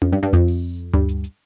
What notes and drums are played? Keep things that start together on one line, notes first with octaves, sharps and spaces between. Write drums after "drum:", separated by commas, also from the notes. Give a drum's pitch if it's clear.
F2, drum: tom C#4
G2
G2
F2, drum: hi-hat
drum: open hi-hat
G2, drum: tom D2
drum: hi-hat
drum: hi-hat